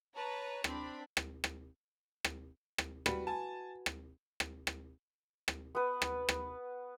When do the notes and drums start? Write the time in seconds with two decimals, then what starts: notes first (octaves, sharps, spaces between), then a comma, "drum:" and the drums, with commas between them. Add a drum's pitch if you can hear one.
0.14 B4 C#5 A5 A#5
0.64 C4 D4 B5, drum: rim click
1.17 drum: rim click
1.44 drum: rim click
2.25 drum: rim click
2.78 drum: rim click
3.06 G3 F#4 B4, drum: rim click
3.27 G#5 A5
3.86 drum: rim click
4.40 drum: rim click
4.67 drum: rim click
5.48 drum: rim click
5.75 B3 B4
6.02 drum: rim click
6.29 drum: rim click